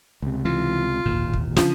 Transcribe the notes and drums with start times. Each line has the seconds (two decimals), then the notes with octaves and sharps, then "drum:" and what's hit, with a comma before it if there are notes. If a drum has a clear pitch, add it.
0.22 C#2 C3
0.45 E3 F4
1.05 D1 G#1 D#2 A#2
1.33 drum: kick
1.56 C#3 F3 C#4 D4, drum: snare